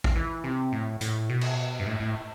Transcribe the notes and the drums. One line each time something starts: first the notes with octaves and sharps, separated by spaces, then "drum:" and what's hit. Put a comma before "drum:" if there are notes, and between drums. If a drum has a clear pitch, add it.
drum: kick
E3
C3
A2
A2, drum: hi-hat
B2
drum: cymbal
G2
A2
A2